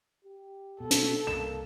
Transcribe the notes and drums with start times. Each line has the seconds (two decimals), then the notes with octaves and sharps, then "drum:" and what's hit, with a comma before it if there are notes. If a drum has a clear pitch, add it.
0.25 G4
0.80 B2 A4
0.91 drum: hi-hat
1.27 C2 A#3 E7